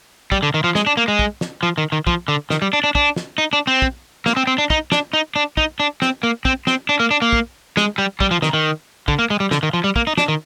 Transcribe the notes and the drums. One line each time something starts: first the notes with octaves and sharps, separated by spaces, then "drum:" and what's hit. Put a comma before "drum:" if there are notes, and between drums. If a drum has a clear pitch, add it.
G3, drum: kick
D3
D#3
F3
G#3, drum: snare
D4
A#3
G#3
drum: kick
drum: snare
F3
D#3
D#3
F3, drum: kick
D3
D#3, drum: snare
G3
D4
D4
D4, drum: kick
drum: snare
D#4
D4
C4
drum: kick
A#3, drum: snare
C4
C4
D4
D#4, drum: kick
D4, drum: snare
D#4
D4
D#4, drum: kick
D4
C4, drum: snare
A#3
C4, drum: kick
C4, drum: snare
D4
A#3
D4
A#3
drum: kick
G#3, drum: snare
G3
G3, drum: kick
F3
D#3, drum: snare
D#3
D3, drum: kick
A#3
G#3
G3
D3, drum: snare
D#3
F3
G3
A#3, drum: kick
D#4
D4, drum: snare
D#3